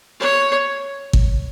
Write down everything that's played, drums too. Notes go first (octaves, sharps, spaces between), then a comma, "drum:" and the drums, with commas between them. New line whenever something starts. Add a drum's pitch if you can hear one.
C#5
drum: kick